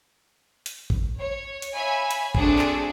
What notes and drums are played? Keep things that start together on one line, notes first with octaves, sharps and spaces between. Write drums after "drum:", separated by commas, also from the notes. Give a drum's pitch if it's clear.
drum: hi-hat
drum: kick
C#5
drum: hi-hat
C#5 E5 F5 G#5 B5
drum: hi-hat
A3 C4 D4 F#4 G#4, drum: kick
drum: clap